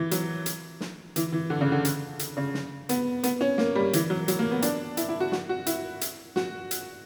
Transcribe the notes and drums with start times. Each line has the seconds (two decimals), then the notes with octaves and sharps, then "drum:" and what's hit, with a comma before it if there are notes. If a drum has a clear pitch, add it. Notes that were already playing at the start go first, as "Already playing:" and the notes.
Already playing: E3
0.11 F#3, drum: hi-hat
0.46 drum: hi-hat
0.81 drum: snare
1.16 E3, drum: hi-hat
1.32 E3
1.50 D3
1.61 C#3
1.72 D3
1.85 drum: hi-hat
2.19 drum: hi-hat
2.37 C#3
2.54 drum: snare
2.89 B3, drum: hi-hat
3.23 B3, drum: hi-hat
3.41 C#4
3.58 A#3, drum: snare
3.75 G3
3.93 E3, drum: hi-hat
4.10 F#3
4.28 F#3, drum: hi-hat
4.39 A#3
4.51 B3
4.62 D4, drum: hi-hat
4.97 E4, drum: hi-hat
5.09 E4
5.20 F#4
5.32 F#4, drum: snare
5.49 F#4
5.66 E4, drum: hi-hat
6.01 drum: hi-hat
6.36 F#4, drum: snare
6.71 drum: hi-hat